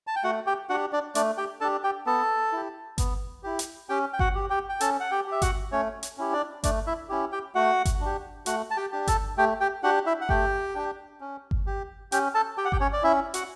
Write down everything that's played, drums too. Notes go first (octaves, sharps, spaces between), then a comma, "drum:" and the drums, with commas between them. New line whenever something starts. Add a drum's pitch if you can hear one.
A5
G5
A3 F#4 F#5
G4 G5
D4 F#4 G4 F#5
D4 D5
A3 D4 D5, drum: hi-hat
G4 G5
D4 G4 A4 A5
G4 G5
B3 A4 A5
E4 G4
B3, drum: kick G1, hi-hat
E4 G4
drum: hi-hat
C#4 G4 G5
G5
F#4 F#5, drum: kick G1
G4
G4 G5
G5
C#4 A4 A5, drum: hi-hat
F#5
G4 G5
G4 E5
F#4 F#5, drum: kick G1, hi-hat
A3 C#4 C#5
drum: hi-hat
C#4 E4 G4
D4 D5
A3 D4 D5, drum: kick G1, hi-hat
E4 E5
C#4 E4 G4
G4 G5
A3 F#4 F#5
drum: kick G1, hi-hat
D4 G4
A3 F#4 F#5, drum: hi-hat
A5
G4 G5
D4 G4
A4 A5, drum: kick G1, hi-hat
A3 G4 G5
G4 G5
D4 F#4 G4 F#5
E4 E5
F#5
A3 G4 G5, drum: kick G1
D4 G4
C#4
drum: kick G1
G4
C#4 G4 G5, drum: hi-hat
A4 A5
G4 G5
F#5
G4 G5, drum: kick G1
C#4 C#5
D5
C#4 E4 E5
F#4 F#5, drum: hi-hat